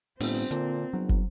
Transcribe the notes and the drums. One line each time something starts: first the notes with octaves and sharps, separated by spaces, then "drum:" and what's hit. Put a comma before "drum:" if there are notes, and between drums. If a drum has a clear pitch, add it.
G1 A2 C4, drum: open hi-hat
A#2 D3, drum: hi-hat
G1 F#3
drum: kick